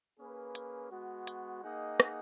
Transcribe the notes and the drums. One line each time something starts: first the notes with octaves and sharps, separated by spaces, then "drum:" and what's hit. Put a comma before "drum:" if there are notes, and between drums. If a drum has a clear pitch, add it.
A#3 C#4 G#4 B4
drum: hi-hat
G#3 B3 F#4
drum: hi-hat
A#3 D#4 G#4 D#5 F#5
drum: rim click